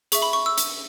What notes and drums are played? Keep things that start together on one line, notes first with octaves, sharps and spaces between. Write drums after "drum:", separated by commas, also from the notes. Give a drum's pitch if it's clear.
G#4 E5 C#6, drum: hi-hat
B5
C#6
E6
drum: hi-hat